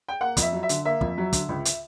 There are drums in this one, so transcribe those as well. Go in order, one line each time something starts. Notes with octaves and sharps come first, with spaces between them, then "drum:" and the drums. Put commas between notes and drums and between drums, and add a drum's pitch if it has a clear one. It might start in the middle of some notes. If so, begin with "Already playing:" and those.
G5
A#3 F#5
F2, drum: kick, hi-hat
E5
F#3
E5
D3, drum: hi-hat
A#3 E5
F2, drum: kick
F#3
D3, drum: kick, hi-hat
C#2
drum: hi-hat